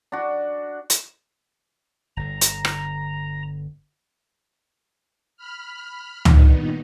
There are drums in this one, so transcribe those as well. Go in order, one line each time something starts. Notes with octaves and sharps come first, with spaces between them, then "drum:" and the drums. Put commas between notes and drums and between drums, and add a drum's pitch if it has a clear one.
D4 F#4
drum: hi-hat
G1 D3 A#5
drum: hi-hat
drum: rim click
B5 F6
G2 A#2 D#3 B3 D#4, drum: tom C#2